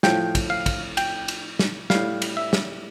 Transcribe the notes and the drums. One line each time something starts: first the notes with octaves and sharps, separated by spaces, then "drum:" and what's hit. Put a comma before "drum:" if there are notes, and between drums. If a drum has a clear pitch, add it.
A2 F3 G5, drum: snare
drum: kick, cymbal
F5
drum: kick, cymbal
G5, drum: cymbal
drum: cymbal
drum: snare
A2 G3 F5, drum: snare
drum: cymbal
E5
drum: snare